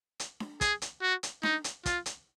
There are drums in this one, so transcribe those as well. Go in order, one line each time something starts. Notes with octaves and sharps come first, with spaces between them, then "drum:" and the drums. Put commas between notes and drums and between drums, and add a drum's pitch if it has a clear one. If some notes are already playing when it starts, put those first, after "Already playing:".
drum: hi-hat
drum: snare D4
G#4, drum: kick, hi-hat
drum: hi-hat
F#4
drum: hi-hat
D#4, drum: snare D4
drum: hi-hat
F4, drum: kick, hi-hat
drum: hi-hat